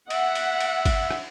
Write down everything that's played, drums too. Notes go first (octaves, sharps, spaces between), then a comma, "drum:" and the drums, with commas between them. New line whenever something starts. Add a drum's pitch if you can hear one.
E5 F#5, drum: cymbal
drum: cymbal
drum: cymbal
drum: kick G#1, cymbal
drum: rim click